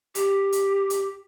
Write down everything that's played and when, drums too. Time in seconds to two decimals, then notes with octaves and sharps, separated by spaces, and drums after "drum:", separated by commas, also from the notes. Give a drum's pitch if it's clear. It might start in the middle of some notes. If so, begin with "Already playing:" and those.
0.15 G4, drum: hi-hat
0.52 drum: hi-hat
0.90 drum: hi-hat